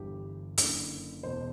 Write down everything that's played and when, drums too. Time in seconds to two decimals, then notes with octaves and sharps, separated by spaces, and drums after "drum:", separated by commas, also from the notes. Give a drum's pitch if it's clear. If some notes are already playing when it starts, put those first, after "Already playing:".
Already playing: G1 G2 E3 G4
0.58 F#1 F#2 D3, drum: hi-hat
1.23 E1 E2 B2 C5